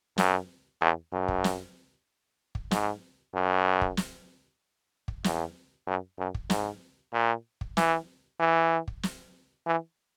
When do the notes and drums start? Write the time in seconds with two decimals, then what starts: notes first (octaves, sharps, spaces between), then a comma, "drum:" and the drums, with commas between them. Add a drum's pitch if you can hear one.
0.18 F#2, drum: snare
0.81 E2
1.12 F#2
1.28 drum: kick
1.44 drum: snare
2.55 drum: kick
2.71 G#2, drum: snare
3.34 F#2
3.81 drum: kick
3.97 drum: snare
5.08 drum: kick
5.24 E2, drum: snare
5.87 F#2
6.18 F#2
6.34 drum: kick
6.50 G#2, drum: snare
7.13 A#2
7.61 drum: kick
7.77 E3, drum: snare
8.40 E3
8.88 drum: kick
9.03 drum: snare
9.67 E3